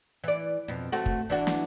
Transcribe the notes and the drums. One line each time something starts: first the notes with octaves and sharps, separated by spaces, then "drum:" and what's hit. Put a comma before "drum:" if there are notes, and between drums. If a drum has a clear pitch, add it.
E3 D5
F2 B2
A3 C4 F#4
drum: kick
E3 D4 F#4
drum: snare